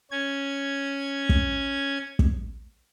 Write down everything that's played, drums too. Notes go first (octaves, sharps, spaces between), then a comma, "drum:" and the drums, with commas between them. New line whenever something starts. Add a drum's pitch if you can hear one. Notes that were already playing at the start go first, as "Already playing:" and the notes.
C#4 G#6
drum: kick
drum: kick